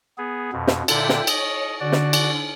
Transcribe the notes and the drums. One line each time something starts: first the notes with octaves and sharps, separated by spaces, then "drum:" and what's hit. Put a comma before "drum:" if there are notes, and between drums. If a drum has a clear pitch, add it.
B3 G#4
F2 B2
drum: snare
A#2 D3 A4 E5 G5, drum: cymbal
drum: snare
C#5 D#5, drum: cymbal
D3 F#4 D5
drum: snare
drum: cymbal